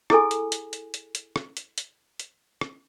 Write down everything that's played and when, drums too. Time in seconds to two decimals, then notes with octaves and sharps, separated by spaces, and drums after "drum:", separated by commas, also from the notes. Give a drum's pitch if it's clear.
0.10 E4 G#4 A4 G#5, drum: rim click
0.31 drum: hi-hat
0.52 drum: hi-hat
0.73 drum: hi-hat
0.94 drum: hi-hat
1.15 drum: hi-hat
1.36 drum: rim click
1.57 drum: hi-hat
1.78 drum: hi-hat
2.20 drum: hi-hat
2.61 drum: rim click